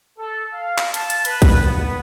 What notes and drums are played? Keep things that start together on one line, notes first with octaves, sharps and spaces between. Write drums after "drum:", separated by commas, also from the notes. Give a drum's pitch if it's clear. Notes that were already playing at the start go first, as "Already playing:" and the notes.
A4
F5
drum: clap
A5, drum: hi-hat
drum: hi-hat
B4, drum: hi-hat
drum: kick A#1, hi-hat
B3